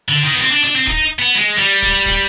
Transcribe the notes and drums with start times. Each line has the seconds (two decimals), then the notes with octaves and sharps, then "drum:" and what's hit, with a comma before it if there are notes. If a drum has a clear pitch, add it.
0.09 D3
0.25 D#3
0.34 B3
0.41 C4, drum: hi-hat
0.52 D4
0.64 D4, drum: hi-hat
0.76 C4
0.87 D#4, drum: kick, hi-hat
1.19 B3
1.35 G#3, drum: hi-hat
1.58 G3, drum: hi-hat
1.82 drum: kick, hi-hat
2.06 drum: kick, hi-hat